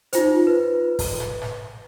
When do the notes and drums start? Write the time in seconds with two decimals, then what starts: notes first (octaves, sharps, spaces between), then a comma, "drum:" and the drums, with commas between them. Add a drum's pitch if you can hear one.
0.13 D#4 F4 C5, drum: hi-hat
0.47 B4
0.99 drum: kick, open hi-hat
1.20 drum: snare
1.42 drum: snare